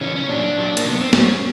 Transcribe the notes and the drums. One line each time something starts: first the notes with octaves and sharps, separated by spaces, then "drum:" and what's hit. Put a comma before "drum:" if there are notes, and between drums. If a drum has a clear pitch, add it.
C#3 E3 C#4
C#4
A#2 F#3 D4
A#2 F#3
A#3, drum: hi-hat
C3 D#3 F#3 B3
C4
A#2 F#3 C#4, drum: snare